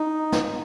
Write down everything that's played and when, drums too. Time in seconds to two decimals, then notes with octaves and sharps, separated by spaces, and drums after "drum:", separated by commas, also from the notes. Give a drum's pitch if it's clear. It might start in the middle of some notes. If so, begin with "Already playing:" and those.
Already playing: D#4
0.32 drum: snare